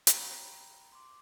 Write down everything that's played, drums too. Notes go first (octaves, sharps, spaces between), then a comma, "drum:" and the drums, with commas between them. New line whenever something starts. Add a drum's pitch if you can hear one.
G5 A#5 B5, drum: hi-hat
C6 D6